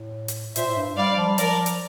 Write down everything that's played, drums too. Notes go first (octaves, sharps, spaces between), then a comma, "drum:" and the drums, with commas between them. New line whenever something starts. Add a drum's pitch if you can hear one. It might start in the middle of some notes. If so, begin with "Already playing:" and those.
Already playing: A2
drum: hi-hat
A#2 C5 E5, drum: hi-hat
A2
G2
G3 D5 F5
F3
G3
F3 A#4 D5, drum: hi-hat
drum: hi-hat